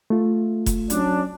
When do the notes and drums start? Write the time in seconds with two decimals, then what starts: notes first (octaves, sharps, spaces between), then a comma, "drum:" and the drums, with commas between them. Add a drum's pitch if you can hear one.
0.10 A3 F4
0.66 drum: kick F1, hi-hat
0.90 F#3 C#4 D4, drum: hi-hat